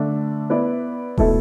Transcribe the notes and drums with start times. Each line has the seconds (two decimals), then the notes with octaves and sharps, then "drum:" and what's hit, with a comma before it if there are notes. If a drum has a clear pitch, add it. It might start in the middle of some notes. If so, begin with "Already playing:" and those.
Already playing: D3 A3 D4
0.50 B3 E4 B4 D5
1.18 B2 A3 E4 A4 E5, drum: kick D#1